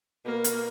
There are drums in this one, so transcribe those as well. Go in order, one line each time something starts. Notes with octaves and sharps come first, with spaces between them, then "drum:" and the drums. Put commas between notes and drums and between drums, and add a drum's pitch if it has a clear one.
B2 A#3
drum: hi-hat